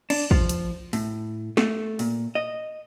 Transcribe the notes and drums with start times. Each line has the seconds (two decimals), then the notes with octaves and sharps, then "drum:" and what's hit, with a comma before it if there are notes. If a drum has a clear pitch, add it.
0.10 D4, drum: cymbal
0.31 F3, drum: kick
0.49 drum: hi-hat
0.93 A2, drum: open hi-hat
1.57 A3, drum: snare
1.99 A#2, drum: open hi-hat
2.35 D#5